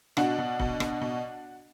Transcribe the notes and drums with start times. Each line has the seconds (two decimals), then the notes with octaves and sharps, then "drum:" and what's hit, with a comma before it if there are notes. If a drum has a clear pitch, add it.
0.17 B2 D4 F#4, drum: rim click
0.38 B2
0.59 B2, drum: kick
0.80 B2, drum: rim click
1.01 B2